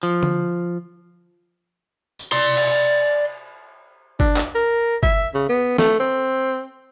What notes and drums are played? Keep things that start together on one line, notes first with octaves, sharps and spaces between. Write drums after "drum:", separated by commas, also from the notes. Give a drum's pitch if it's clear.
F3
drum: tom D3
drum: tambourine
D5 C6
drum: cymbal
D4, drum: kick G1
drum: clap
A#4
E5, drum: kick G1
C#3
B3
A3, drum: snare
C4